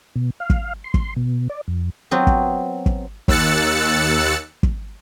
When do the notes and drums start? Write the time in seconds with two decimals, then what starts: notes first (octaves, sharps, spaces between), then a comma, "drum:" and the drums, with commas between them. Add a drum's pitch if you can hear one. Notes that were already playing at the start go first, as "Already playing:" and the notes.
0.15 B2
0.40 F5
0.50 drum: kick
0.84 C6
0.94 drum: kick
1.16 B2
1.49 D5
1.68 F2
2.11 F#3 B3 C4 F4
2.27 drum: kick
2.86 drum: kick
3.28 D#2 E6 F#6 A6 C#7, drum: kick
4.63 drum: kick